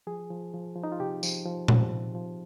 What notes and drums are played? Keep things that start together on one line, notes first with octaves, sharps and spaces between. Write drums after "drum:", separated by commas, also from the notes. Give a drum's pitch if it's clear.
F3 G#4
F3
F3
F3
D#4
F4
C3 G4
F3, drum: tambourine
F3
F3, drum: tom A#2
C3
F3